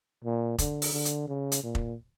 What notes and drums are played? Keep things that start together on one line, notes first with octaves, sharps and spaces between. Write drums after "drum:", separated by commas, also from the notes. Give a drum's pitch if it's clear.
A#2
D3, drum: kick, hi-hat
drum: open hi-hat
D3
drum: hi-hat
C#3
drum: hi-hat
A#2
drum: kick